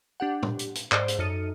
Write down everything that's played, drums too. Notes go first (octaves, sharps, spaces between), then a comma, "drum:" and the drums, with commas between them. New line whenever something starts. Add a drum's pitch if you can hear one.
D4 G4 F#5
drum: tom
drum: hi-hat
drum: hi-hat
G#2 C5 D5, drum: clap
drum: hi-hat
F#2 D#4 A4 F6 C#7 D#7